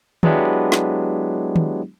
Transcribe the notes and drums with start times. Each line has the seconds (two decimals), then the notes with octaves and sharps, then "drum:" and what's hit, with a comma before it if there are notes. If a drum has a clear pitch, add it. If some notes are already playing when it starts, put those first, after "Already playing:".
0.23 F#3 G#3 B3 D4 E4 G4, drum: tom D#3
0.72 drum: snare
1.56 drum: tom D#3